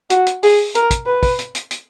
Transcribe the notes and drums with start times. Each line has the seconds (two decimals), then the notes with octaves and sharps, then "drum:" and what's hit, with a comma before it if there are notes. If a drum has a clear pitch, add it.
0.10 F#4, drum: hi-hat
0.26 drum: hi-hat
0.43 G#4, drum: open hi-hat
0.75 A#4, drum: hi-hat
0.91 drum: kick, hi-hat
1.06 B4
1.23 drum: kick, open hi-hat
1.39 drum: hi-hat
1.55 drum: hi-hat
1.71 drum: hi-hat